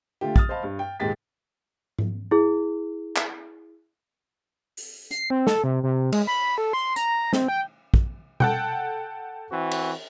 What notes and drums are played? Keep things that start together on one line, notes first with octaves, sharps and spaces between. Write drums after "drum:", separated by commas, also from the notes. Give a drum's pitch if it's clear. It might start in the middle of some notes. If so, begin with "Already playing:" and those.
D3 A3 F4 G4
D#6 F6 A6, drum: kick
C5 D#5 F5 A5 B5
G2
G5
D#1 G#2 G#3 G4 A6 B6
drum: tom G#2
E4 G#4
drum: clap
drum: open hi-hat
C7, drum: hi-hat
C4
A4, drum: snare
C3
C3
G#3, drum: cymbal
B5
A4
C6
A#5, drum: hi-hat
C4, drum: snare
G5
drum: kick
A4 F#5 G5, drum: tom B2
E3 C4 F#4
drum: cymbal